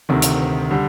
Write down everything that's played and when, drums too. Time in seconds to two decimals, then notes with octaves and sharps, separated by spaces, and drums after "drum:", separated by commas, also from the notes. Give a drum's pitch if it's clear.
0.09 D2 C3 D#3
0.22 drum: hi-hat
0.71 D3 G3